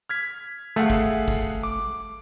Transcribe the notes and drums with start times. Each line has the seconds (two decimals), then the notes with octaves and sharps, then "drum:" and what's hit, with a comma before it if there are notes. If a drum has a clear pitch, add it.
0.09 F6 G#6 B6
0.76 A3 G#4 F5 F#5
0.90 drum: kick
1.28 drum: kick
1.63 D6